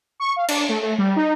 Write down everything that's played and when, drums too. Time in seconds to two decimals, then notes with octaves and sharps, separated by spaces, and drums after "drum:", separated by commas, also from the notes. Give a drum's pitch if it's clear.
0.20 C#6
0.36 F5
0.48 D4, drum: cymbal
0.69 A3
0.82 A3
0.98 G3
1.16 D#4